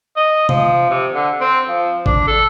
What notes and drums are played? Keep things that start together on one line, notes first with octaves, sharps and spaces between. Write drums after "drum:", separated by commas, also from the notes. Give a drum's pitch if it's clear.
D#5
F3, drum: tom C3
C3
D3
C4
F3
D4, drum: kick G#1
A4